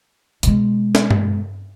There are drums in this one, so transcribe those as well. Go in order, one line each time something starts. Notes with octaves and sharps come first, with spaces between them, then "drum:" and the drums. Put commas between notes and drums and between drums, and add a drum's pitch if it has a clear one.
B2 G#3, drum: hi-hat
drum: snare
drum: tom G2